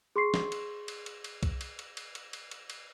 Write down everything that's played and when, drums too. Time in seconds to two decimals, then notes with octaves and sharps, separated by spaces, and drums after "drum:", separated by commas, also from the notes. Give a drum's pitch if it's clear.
0.16 G#4 C6 C#6 C7
0.34 drum: snare
0.52 drum: cymbal
0.88 drum: cymbal
1.06 drum: cymbal
1.24 drum: cymbal
1.43 drum: kick C2, cymbal
1.61 drum: cymbal
1.79 drum: cymbal
1.97 drum: cymbal
2.15 drum: cymbal
2.33 drum: cymbal
2.51 drum: cymbal
2.70 drum: cymbal